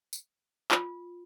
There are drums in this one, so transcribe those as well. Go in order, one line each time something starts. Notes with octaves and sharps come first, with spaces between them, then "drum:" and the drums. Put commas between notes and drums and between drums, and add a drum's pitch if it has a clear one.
drum: tambourine
F4, drum: clap